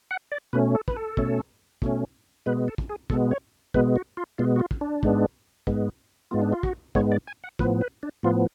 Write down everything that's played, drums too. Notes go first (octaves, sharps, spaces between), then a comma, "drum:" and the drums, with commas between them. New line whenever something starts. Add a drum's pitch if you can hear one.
F#5
D5
B2 A3 C#4 B4
A4
B4, drum: kick
A4
B2 A3 C#4, drum: kick
B2 A3 C#4, drum: kick
B2 G#3 B3 B4
A4
drum: kick
G#4
B2 G#3 B3 A4, drum: kick
C#5
B2 G#3 B3 B4, drum: kick
F#4
F4
B2 G#3 B3 F4
F#4
F4
drum: kick
D4
G#2 G#3 B3, drum: kick
G#2 G#3 B3, drum: kick
G#2 G#3 B3 F4
D4
F4
F#4, drum: kick
G#2 G#3 B3 C#5, drum: kick
D5
G#5
F#5
A2 F3 B3 B4, drum: kick
B4
D4
A2 F3 B3 F4